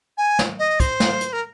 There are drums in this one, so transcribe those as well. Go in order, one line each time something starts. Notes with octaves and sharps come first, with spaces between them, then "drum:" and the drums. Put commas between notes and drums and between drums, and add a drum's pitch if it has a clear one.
G#5
drum: snare
D#5
C5, drum: kick, hi-hat
drum: snare
drum: hi-hat
A#4